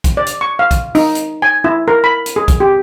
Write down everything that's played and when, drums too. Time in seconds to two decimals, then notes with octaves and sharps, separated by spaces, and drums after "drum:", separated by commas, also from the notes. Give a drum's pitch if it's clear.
0.04 drum: kick, hi-hat
0.17 D5
0.27 drum: hi-hat
0.41 C#6
0.59 F5
0.71 drum: kick, hi-hat
0.95 D#4, drum: open hi-hat
1.15 drum: hi-hat
1.42 G#5
1.64 E4
1.88 A#4
2.04 B5
2.26 drum: hi-hat
2.36 G#4
2.48 drum: kick, hi-hat
2.60 G4